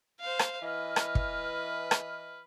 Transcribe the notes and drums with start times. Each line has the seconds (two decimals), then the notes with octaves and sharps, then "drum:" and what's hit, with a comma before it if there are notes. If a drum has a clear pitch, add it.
0.20 C5 F5
0.39 drum: rim click
0.63 E3 B4 D#5 F6
0.96 drum: rim click
1.15 drum: kick
1.91 drum: rim click